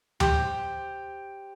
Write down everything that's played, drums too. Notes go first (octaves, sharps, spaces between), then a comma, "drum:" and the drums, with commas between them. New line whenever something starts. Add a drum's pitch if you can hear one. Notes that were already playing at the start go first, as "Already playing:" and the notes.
G4 C5, drum: tom D2